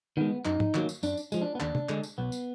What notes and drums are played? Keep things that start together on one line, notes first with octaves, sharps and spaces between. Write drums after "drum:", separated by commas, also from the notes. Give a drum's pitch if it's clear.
D#3 G#3 B3
F#2 D#4, drum: clap
drum: tom
D#3 F#3 A#3, drum: clap
drum: tambourine
F#2 D4, drum: tambourine
drum: tambourine
F3 G#3, drum: tambourine
D4
B3
D#2 D4, drum: clap
drum: tom
D3 G#3, drum: clap
drum: tambourine
B1 B3
drum: tambourine